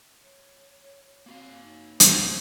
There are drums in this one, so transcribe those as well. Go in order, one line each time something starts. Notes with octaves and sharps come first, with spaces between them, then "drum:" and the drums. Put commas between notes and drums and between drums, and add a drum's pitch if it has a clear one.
C#5
A#3 C4 F#4 F5
D#4
C5, drum: hi-hat